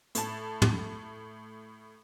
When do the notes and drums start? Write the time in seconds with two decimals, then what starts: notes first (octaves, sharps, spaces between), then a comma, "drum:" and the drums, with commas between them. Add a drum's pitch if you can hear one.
0.15 A2 A5, drum: hi-hat
0.62 drum: tom